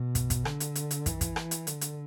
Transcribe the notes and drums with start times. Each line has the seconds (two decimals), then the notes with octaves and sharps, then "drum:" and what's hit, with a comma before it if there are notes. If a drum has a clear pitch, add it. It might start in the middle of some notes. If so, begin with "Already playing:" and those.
Already playing: B2
0.15 drum: kick, hi-hat
0.30 drum: kick, hi-hat
0.45 D3, drum: rim click
0.60 drum: hi-hat
0.75 drum: hi-hat
0.91 drum: hi-hat
1.06 E3, drum: kick, hi-hat
1.21 drum: kick, hi-hat
1.36 drum: rim click
1.51 drum: hi-hat
1.67 D3, drum: hi-hat
1.81 drum: hi-hat